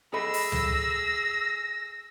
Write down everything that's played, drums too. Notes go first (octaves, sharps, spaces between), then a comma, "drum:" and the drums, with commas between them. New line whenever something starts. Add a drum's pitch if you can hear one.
G#4 A4 D#5 B5 E6 A#6
drum: open hi-hat
drum: tom C#2